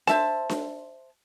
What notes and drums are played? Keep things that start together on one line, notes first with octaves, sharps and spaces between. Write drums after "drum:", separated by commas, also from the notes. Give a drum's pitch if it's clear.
C5 E5 A5, drum: snare D4
drum: snare D4